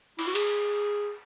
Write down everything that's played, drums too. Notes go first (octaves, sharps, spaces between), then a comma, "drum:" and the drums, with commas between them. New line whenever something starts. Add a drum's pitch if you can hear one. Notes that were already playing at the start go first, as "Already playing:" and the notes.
E4, drum: cymbal
F#4
G#4, drum: cymbal